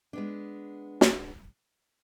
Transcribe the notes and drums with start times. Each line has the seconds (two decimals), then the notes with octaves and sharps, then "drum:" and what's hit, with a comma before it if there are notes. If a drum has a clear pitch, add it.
0.13 G#3 B3 D4
1.01 drum: snare